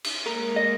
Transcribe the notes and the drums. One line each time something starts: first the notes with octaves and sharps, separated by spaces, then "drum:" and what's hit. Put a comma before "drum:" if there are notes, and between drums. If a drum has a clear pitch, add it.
drum: cymbal
G#3 A#3 A#4
D#5